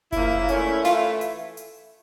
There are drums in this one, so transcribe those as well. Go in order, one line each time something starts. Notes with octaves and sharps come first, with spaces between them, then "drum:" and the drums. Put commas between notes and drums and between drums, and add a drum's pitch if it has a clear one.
C#3 F3 A#3 E4, drum: kick F#1, hi-hat
A#2 A3 C#4, drum: hi-hat
E3 A3 E4 F4 A4 E5, drum: snare
drum: hi-hat
drum: hi-hat